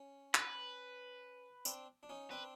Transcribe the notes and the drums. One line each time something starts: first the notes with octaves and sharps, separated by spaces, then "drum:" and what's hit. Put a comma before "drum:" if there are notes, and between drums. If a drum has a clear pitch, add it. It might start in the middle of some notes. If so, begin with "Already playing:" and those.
Already playing: C#4
B4, drum: clap
C4 D4, drum: tambourine
D4
C#4 D#4
C4 D4 B4